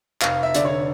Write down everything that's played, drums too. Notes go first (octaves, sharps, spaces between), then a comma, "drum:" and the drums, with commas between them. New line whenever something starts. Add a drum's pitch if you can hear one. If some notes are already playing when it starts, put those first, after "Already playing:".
F1 F5, drum: clap
E5
D3 D5, drum: hi-hat
C#5